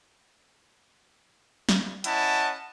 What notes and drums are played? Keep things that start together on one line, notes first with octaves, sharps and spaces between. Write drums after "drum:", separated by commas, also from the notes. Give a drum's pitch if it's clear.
drum: snare
C#4 E4 D#5 F#5 A5, drum: hi-hat